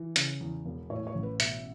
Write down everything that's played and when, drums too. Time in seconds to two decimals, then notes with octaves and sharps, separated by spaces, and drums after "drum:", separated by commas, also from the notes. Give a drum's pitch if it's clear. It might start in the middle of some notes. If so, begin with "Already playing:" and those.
Already playing: E3
0.16 C#3, drum: hi-hat
0.41 E2
0.66 E1
0.90 A2 C#5
1.07 C#5
1.15 A1
1.23 B4
1.40 B2 E5, drum: hi-hat